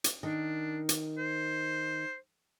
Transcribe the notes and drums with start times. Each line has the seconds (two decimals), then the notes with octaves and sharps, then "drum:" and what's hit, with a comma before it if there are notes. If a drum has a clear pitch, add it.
0.04 drum: hi-hat
0.23 D#3 D4
0.89 drum: hi-hat
1.18 C5